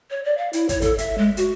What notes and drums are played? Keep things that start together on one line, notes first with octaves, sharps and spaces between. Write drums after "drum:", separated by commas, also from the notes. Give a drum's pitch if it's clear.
C#5
D5
F5
E4, drum: hi-hat
C#5, drum: kick, hi-hat
A4, drum: kick, hi-hat
E5, drum: hi-hat
G#3
F#4, drum: hi-hat